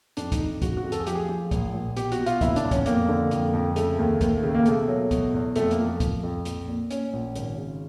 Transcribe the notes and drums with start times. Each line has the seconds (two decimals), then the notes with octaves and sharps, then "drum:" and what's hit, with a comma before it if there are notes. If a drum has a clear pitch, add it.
0.17 F2 D4, drum: hi-hat
0.32 D#4, drum: kick C2, hi-hat
0.39 F2
0.62 C#3 F#4, drum: kick C2, hi-hat
0.77 F#4
0.84 F2
0.92 A4, drum: hi-hat
1.00 G#4
1.07 F3 G4, drum: hi-hat
1.15 G#4
1.29 F3
1.51 A#1, drum: kick C2, hi-hat
1.74 A#1
1.97 B2 G4, drum: hi-hat
2.12 F#4, drum: hi-hat
2.19 B2
2.26 F4, drum: hi-hat
2.41 F#1 E4, drum: kick C2, hi-hat
2.56 D4, drum: hi-hat
2.64 E2
2.71 C#4, drum: kick C2, hi-hat
2.86 F2 A#3, drum: hi-hat
3.09 D3
3.31 F2, drum: hi-hat
3.53 F2
3.76 C#3 A3, drum: hi-hat
3.99 D#2
4.21 D#2, drum: kick C2, hi-hat
4.43 C#3
4.55 A#3
4.66 B2 A3, drum: hi-hat
4.88 F#3
5.11 B2, drum: kick C2, hi-hat
5.34 E2
5.56 F2 A3, drum: hi-hat
5.71 A#3, drum: hi-hat
5.78 F3
6.00 F3, drum: kick C2, hi-hat
6.23 F2
6.45 A#1, drum: hi-hat
6.68 A#2
6.91 A#2 C#4, drum: hi-hat
7.13 A#1
7.36 G#1, drum: hi-hat
7.57 C#3